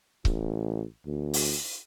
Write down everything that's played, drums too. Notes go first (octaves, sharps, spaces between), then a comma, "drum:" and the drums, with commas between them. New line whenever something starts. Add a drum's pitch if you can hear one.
A1, drum: kick C#1
D2
drum: open hi-hat